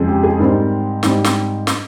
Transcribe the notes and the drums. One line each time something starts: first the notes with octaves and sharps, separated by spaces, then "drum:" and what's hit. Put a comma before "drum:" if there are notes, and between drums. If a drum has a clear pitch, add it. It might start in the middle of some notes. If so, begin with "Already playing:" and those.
Already playing: F2 C#3 G#3 C4
G4
G#4
G#2 G3 C4 A#4
G#2 G3 C4, drum: snare
drum: snare
drum: snare